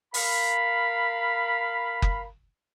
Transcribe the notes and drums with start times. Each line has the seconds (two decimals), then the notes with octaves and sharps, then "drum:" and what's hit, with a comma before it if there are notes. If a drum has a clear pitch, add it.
0.14 A#4 F5 B5, drum: open hi-hat
2.02 drum: kick F#1